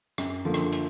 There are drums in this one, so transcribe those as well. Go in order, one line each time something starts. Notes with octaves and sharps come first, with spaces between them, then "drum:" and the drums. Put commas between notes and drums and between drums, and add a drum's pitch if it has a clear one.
F#2, drum: rim click
D3 F3 A#3
drum: rim click
drum: hi-hat